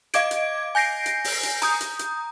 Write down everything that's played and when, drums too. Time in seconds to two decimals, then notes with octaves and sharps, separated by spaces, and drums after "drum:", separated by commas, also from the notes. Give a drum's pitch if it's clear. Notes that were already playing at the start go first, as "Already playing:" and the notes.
0.14 D#5 F5 D6 G#6 D7, drum: hi-hat
0.31 drum: hi-hat
0.75 G#5 G6 A#6 C7 D7
1.06 drum: hi-hat
1.24 drum: open hi-hat
1.43 drum: hi-hat
1.62 A#5 D#6 G6, drum: hi-hat
1.81 drum: hi-hat
1.99 drum: hi-hat